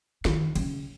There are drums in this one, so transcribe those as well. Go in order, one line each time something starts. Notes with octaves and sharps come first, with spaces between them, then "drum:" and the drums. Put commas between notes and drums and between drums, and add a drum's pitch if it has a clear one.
D#3, drum: snare
C#3, drum: cymbal